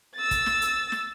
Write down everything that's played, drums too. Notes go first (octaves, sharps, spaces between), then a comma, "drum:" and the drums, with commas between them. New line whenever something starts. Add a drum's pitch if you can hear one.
E6 A6
drum: kick, hi-hat
drum: snare
drum: hi-hat
drum: snare